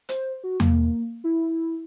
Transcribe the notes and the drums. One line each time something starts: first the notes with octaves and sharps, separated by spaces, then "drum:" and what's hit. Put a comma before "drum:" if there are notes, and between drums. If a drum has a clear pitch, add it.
C5, drum: hi-hat
F#4
A#3, drum: tom E2
E4